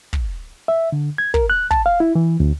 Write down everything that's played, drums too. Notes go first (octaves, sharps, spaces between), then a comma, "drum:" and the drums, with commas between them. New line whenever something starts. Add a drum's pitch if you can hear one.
drum: kick
E5
D3
G#6
A#4, drum: kick
F#6
A5, drum: kick
F5
E4
E3
D2